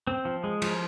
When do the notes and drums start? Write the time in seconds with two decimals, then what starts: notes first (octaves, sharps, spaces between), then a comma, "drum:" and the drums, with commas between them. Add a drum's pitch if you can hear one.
0.07 C4
0.25 F3
0.44 G#3
0.62 F3, drum: cymbal